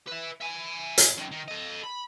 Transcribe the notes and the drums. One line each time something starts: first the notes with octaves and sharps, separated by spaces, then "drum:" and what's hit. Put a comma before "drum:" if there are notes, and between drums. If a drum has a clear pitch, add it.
B4 E5
E5 G#5
drum: hi-hat
F#2 D#3
D#3
A4 D#5
B5